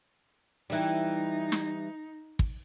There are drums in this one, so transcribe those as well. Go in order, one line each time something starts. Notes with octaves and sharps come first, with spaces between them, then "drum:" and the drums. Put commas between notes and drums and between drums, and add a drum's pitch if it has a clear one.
E3 G3 D#4
drum: snare
drum: kick